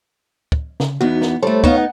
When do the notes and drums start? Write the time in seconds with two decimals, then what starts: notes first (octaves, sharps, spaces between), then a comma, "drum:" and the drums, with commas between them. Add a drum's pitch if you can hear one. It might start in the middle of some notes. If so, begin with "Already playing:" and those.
0.52 drum: kick
0.80 C#3, drum: snare
1.01 E2 B3 D#4 F#4
1.22 drum: snare
1.43 G3 A3 A4 C5 C#5
1.64 B3 D#4 C#5 F5, drum: kick
1.78 F#5